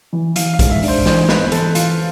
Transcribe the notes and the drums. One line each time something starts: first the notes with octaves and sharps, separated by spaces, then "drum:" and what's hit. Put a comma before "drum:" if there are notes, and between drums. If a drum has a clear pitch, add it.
E3
E3 F5, drum: hi-hat
F5
G#2, drum: kick, hi-hat
E5
D4, drum: open hi-hat
C5
E3 C5, drum: snare
B3 B4, drum: snare
E3 A4, drum: hi-hat
E3 F4, drum: hi-hat